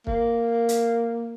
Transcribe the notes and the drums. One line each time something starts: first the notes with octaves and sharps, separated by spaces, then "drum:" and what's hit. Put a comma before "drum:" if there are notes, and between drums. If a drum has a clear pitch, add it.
A#3, drum: kick
drum: hi-hat